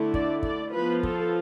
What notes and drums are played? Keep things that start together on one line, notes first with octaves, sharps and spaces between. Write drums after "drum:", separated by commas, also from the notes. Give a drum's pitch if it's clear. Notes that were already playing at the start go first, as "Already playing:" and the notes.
Already playing: D3 A3 E4
D5, drum: kick
D5, drum: kick
F3 B3 F4 B4
A4, drum: kick